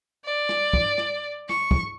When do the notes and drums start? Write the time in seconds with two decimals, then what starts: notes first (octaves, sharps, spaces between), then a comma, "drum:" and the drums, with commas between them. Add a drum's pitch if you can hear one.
0.25 D5
0.49 drum: rim click
0.73 drum: kick
0.98 drum: rim click
1.49 C#6, drum: rim click
1.71 drum: kick